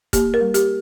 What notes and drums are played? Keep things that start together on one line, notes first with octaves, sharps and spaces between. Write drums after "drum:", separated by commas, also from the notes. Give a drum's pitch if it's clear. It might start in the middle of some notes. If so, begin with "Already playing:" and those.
A#3 G4, drum: kick, hi-hat
A#4
G3
G4, drum: hi-hat